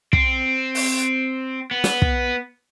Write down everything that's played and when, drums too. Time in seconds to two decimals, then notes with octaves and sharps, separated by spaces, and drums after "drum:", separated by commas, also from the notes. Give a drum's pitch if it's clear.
0.13 C4, drum: kick
0.75 drum: open hi-hat
1.71 B3
1.84 drum: snare
2.02 drum: kick